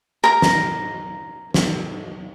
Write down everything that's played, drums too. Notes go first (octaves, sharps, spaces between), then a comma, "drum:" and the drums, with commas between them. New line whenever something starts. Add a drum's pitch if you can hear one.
A#4 A#5
drum: snare
drum: snare